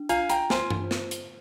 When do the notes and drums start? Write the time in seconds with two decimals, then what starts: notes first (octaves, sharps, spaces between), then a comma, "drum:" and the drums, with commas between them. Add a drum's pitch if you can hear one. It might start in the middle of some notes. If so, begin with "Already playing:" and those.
Already playing: D4
0.09 F4 F5 G#5, drum: hi-hat
0.29 G5 A#5, drum: hi-hat
0.50 C5 G#5 C6, drum: snare
0.70 drum: tom G2
0.91 drum: snare
1.11 drum: hi-hat